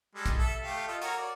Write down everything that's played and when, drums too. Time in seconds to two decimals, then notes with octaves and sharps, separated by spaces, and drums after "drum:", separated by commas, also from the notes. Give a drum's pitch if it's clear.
0.15 G3 G#3 A4
0.26 drum: kick, hi-hat
0.39 A4 E5
0.63 A3 G4 F5
0.88 F4 A4 D#5
1.02 F#4 A#4 C#5, drum: hi-hat
1.18 D5